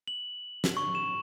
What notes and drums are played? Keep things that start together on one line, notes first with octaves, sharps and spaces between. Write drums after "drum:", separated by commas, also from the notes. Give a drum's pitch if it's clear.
F#7
drum: snare
C#6
E7